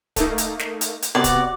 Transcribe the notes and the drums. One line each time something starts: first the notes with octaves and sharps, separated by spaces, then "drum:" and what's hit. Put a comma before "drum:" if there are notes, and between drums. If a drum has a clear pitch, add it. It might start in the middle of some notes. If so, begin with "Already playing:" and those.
A3 A#3 D#4, drum: kick D1, hi-hat
drum: hi-hat
drum: snare
drum: hi-hat
drum: hi-hat
C3 B3 F#4 D5 A6
drum: kick D1, hi-hat